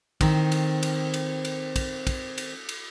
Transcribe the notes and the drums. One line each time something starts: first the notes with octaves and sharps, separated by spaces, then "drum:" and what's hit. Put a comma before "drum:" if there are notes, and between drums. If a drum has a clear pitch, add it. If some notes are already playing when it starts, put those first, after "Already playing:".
D#3 C4, drum: kick, cymbal
drum: cymbal
drum: cymbal
drum: cymbal
drum: cymbal
drum: kick, cymbal
drum: kick, cymbal
drum: cymbal
drum: cymbal